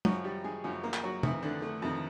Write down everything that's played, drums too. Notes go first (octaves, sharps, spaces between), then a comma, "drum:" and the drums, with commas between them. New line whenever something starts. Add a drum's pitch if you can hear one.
F#2 C#3 F3 F#3 F#4, drum: tom
G3 G4
G#3 G#4
F#2 C#3 F3
A#3 A#4
drum: clap
F#3 F#4
F2 C3 D#3 E3 E4, drum: tom
D3 D4
A3
F2 C3 D#3